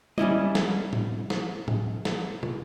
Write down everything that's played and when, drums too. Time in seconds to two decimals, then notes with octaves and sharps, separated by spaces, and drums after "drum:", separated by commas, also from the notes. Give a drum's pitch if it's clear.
0.18 G3 C#4 E4 D#5, drum: tom G3
0.55 drum: snare
0.93 drum: tom A2
1.30 drum: snare
1.68 drum: tom A2
2.05 drum: snare
2.43 drum: tom